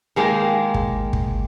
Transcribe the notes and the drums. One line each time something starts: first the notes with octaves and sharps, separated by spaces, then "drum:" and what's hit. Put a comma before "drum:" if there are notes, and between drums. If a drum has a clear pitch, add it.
D#3 G#3 A#3
drum: kick
drum: kick